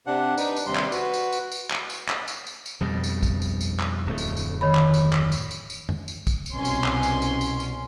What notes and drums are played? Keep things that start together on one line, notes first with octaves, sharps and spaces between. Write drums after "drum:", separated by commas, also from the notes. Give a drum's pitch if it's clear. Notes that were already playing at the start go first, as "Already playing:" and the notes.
C3 D4 F#5
D4 D#4 B4, drum: tambourine
drum: tambourine
D#2 C3 G3 C6
drum: clap
F#4 B4, drum: tambourine
drum: tambourine
drum: tambourine
drum: tambourine
drum: clap
drum: tambourine
drum: clap
drum: tambourine
drum: tambourine
drum: tambourine
F2 B2 G3
drum: tambourine
drum: kick, tambourine
drum: tambourine
drum: tambourine
drum: clap
D1 F2 A3
drum: tambourine
drum: tambourine
D#3 C#5 B5
drum: clap
drum: tambourine
drum: clap
drum: tambourine
drum: tambourine
drum: tambourine
drum: tom F#2
drum: tambourine
drum: kick, tambourine
drum: tambourine
C2 B2 C#4 C6
drum: tambourine
drum: clap
drum: tambourine
drum: tambourine
drum: tambourine
drum: tambourine